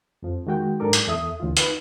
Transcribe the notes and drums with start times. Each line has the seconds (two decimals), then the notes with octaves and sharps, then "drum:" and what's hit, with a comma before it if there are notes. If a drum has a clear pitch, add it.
0.23 F2 F3
0.47 D#3 G#3 F#4 G5
0.80 G#2 F#3 D4 A4 A#4 D6
0.93 drum: hi-hat
1.07 E2 A4 E5 D#6
1.40 D2 E3 F4
1.57 D#4 B4, drum: hi-hat